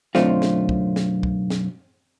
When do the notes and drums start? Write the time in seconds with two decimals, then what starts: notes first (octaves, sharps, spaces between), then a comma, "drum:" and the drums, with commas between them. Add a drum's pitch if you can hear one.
0.15 B1 F#2 D3 A3 C4 F4, drum: snare
0.42 drum: snare
0.69 drum: kick
0.96 drum: snare
1.23 drum: kick
1.50 drum: snare